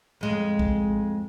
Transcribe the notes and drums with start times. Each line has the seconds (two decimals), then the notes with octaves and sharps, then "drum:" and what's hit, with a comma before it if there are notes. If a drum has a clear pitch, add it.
0.21 F2 G#3
0.59 drum: kick